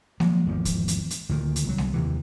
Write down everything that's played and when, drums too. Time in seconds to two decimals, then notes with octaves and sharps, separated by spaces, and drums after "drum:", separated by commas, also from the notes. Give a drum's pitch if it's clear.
0.20 F3 F#3 G#3 A#3, drum: snare G#3
0.46 G#1 E2 D3 F3
0.65 drum: kick, hi-hat
0.88 drum: hi-hat
1.10 drum: hi-hat
1.29 D2 A#2 D#3
1.56 drum: hi-hat
1.67 C2 F#3
1.78 drum: snare G#3
1.94 D#2 C3 E3